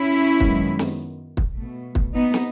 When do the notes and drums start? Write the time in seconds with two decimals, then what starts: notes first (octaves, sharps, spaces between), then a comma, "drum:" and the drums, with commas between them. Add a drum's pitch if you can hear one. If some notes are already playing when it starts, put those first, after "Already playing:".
Already playing: C#4 E4
0.40 F#2 D#3 G#3 B3, drum: kick
0.79 drum: snare
1.37 drum: kick
1.56 B2 A3
1.95 drum: kick
2.14 B3 D#4
2.34 drum: snare